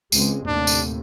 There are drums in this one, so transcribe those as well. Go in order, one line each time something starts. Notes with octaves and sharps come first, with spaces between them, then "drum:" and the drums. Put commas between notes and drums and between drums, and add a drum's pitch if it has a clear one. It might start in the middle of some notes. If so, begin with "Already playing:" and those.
C#2 G#3 C4, drum: tambourine
D#2 A2 C3 D4
drum: tambourine